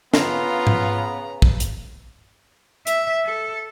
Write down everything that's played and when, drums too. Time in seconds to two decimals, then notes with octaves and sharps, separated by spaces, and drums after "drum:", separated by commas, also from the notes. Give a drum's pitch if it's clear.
0.14 C#3 B3 F4 B4 A#5, drum: snare
0.67 drum: tom G#2
1.42 drum: kick
1.60 drum: hi-hat
2.87 E5, drum: hi-hat
3.26 A4